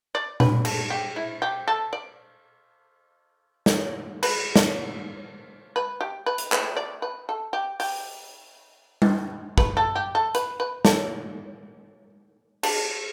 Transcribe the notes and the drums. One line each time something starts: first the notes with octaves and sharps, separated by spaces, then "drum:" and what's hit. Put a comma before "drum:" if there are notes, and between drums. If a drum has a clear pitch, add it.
D5
B4, drum: tom A#2
A4, drum: cymbal
G4
E4
G4
A4
D5
drum: snare
B4, drum: cymbal
drum: snare
B4
G4
B4
drum: hi-hat
B4, drum: clap
D5
B4
A4
G4
G4, drum: open hi-hat
drum: tom G3
B4, drum: kick
A4
G4
A4
B4, drum: hi-hat
B4
A4, drum: snare
D4, drum: cymbal